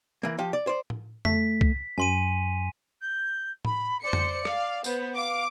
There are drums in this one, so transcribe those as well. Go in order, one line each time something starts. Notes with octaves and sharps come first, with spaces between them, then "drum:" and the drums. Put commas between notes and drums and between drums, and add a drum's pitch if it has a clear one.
E3 A#3
F3 G4
D5
C5 D5
drum: tom A2
A3 B6, drum: tom F2
drum: kick C2
F#2 G#5 C6 D#7
G6
B5, drum: tom A2
C5 D5 C#7
drum: tom F2
F5, drum: rim click
B3 C5, drum: tambourine
F5 D6